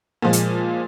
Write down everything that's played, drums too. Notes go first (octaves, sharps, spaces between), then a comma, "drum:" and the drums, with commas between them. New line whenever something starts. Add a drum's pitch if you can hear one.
A#2 F3 G#3
drum: hi-hat